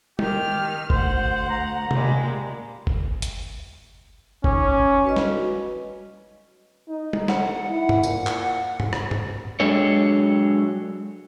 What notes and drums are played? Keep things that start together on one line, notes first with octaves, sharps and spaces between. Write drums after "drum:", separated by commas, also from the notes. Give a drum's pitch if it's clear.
D#3 G4 F6, drum: tom
D2 C5 F#5, drum: kick
A#5
A#2 G3 G#3, drum: tom C3
drum: kick
drum: hi-hat
C#4 D#4 D6, drum: kick
F#4 B4 D#5
drum: snare
D#4
drum: tom
F#5, drum: snare
E4 F#5
drum: tom G2
A#2, drum: tambourine
drum: clap
drum: tom G2
drum: rim click
drum: tom G2
F#3 G#3 D4 G#4 A4 C#5